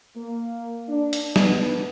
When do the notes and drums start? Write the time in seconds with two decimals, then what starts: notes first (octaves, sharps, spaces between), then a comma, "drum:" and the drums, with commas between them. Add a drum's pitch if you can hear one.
0.16 A#3
0.89 D4
1.13 drum: hi-hat
1.36 B3, drum: snare